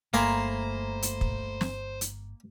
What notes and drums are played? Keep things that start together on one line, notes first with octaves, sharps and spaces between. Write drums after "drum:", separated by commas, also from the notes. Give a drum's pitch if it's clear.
G1 A3 A#3 C5 G#5 A#5 B5
drum: hi-hat
drum: kick
drum: snare
drum: hi-hat